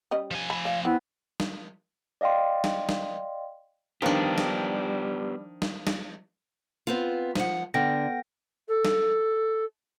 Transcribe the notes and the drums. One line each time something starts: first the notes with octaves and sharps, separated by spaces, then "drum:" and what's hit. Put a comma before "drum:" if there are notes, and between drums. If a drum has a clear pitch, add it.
G3 C#4 D#5
F3 G#5
B5
D5 F5
B3 C4 E4
drum: snare
D5 D#5 F5 G5 C6
drum: snare
drum: snare
D#3 F3 G3 B3 D4 G4
drum: snare
drum: snare
drum: snare
B3 C4 F4
F3 F#5, drum: snare
D3 B3 G5 A#6
A4
drum: snare